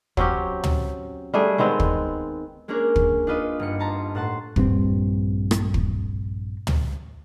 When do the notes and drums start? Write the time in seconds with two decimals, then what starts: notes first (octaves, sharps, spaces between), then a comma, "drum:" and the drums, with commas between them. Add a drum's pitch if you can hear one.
0.17 F#3 C4 C#4 G4, drum: kick
0.64 drum: tom
1.34 G3 A3 D4 G#4
1.58 D#3 G#3 B3 C4
1.80 drum: kick
2.68 G#3 A#3 C#4 D4 G#4 A#4
2.96 drum: kick
3.27 D4 D#4 F4 B4 D#5
3.60 G1 C#7
3.79 B4 C5 A5 A#5 C6
4.15 A2 C5 F#5 A5 C6
4.56 A#1 G2 C4, drum: kick
5.51 drum: rim click
5.74 drum: kick
6.67 drum: tom